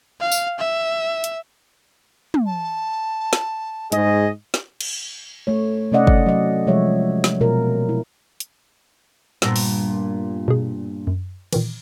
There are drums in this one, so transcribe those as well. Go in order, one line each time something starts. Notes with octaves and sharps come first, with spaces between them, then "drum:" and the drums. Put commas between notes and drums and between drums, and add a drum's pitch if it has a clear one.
F5
drum: tambourine
E5
drum: hi-hat
drum: tom
A5
drum: snare
G#2 G#4 D#5, drum: hi-hat
drum: snare
drum: cymbal
A3 C#5
C3 A3 C#4 D5 D#5 F#5
drum: kick
F#3 D#5
C3 F3 G#3 C#5 E5
drum: snare
B2 F4 A#4
E4
drum: hi-hat
G2 A#2 B3 E6 A#6, drum: snare
drum: open hi-hat
B2 G#4
F#2
A#2 D#3 E3, drum: cymbal